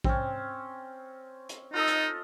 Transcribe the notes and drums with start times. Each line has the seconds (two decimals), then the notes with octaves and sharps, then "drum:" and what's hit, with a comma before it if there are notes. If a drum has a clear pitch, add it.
0.04 C4 C#4, drum: kick A#1
1.49 drum: hi-hat
1.74 D#4 F4 A4 D#5
1.88 drum: hi-hat